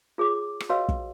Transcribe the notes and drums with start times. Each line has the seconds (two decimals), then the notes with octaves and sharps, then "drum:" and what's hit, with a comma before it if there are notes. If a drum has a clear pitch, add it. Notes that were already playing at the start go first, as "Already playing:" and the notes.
0.18 F4 G#4 C#5 D6
0.60 drum: rim click
0.69 F#4 B4 C#5 D#5 F5 E6
0.89 drum: kick